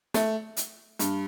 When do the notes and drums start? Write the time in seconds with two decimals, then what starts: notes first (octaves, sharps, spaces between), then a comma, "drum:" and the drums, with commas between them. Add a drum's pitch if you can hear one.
0.14 A3, drum: snare
0.57 drum: hi-hat
0.99 G2, drum: hi-hat